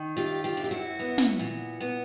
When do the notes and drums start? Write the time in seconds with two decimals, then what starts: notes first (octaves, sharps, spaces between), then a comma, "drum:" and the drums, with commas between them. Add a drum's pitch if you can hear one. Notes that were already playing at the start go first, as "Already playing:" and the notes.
Already playing: D#3
0.17 F#2 F4 G4
0.44 F4 G4
0.57 F#2
0.64 G4
0.71 E4 F#4
0.99 B3
1.18 drum: snare
1.39 A#2
1.80 B3